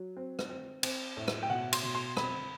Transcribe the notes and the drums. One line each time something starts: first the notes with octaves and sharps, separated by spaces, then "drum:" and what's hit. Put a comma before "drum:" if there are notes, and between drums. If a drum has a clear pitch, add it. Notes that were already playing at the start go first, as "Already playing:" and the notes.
Already playing: F#3
C4
drum: rim click
C4
C4, drum: cymbal
A2
drum: rim click
G5
B2 F#5
C6, drum: cymbal
B2
C6
C4 B5, drum: rim click